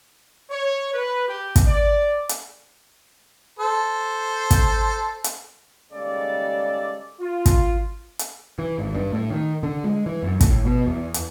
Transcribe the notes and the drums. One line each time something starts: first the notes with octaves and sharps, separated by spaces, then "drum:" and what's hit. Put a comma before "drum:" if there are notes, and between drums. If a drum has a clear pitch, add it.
C#5
B4
G4
drum: kick, hi-hat
D5
drum: hi-hat
A4 C5
drum: kick, hi-hat
drum: hi-hat
D#2 C#3 G3 G#3 A4 D5
F4
drum: kick, hi-hat
drum: hi-hat
E3
G#1
G2
A2
D#3
D3
G#3
E3
F#2
A2, drum: kick, hi-hat
B2
E2
drum: hi-hat